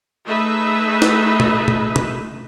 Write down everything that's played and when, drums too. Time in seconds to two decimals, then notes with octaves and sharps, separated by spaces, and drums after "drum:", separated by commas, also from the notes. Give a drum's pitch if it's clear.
0.24 A3 D#4 G#4 B4 D#5 E5
1.02 drum: snare
1.40 drum: tom
1.68 drum: tom
1.96 drum: tom